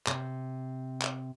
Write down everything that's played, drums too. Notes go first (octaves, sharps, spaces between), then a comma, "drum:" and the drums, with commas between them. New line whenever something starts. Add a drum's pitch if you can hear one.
C3, drum: clap
drum: clap